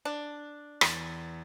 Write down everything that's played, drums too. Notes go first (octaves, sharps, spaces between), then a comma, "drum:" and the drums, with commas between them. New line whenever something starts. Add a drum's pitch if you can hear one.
D4
E2 A6, drum: rim click